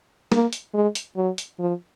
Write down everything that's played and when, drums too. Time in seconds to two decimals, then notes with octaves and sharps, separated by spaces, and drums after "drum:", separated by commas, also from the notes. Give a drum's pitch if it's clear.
0.32 A#3, drum: snare
0.53 drum: hi-hat
0.74 G#3
0.95 drum: hi-hat
1.16 F#3
1.38 drum: hi-hat
1.60 F3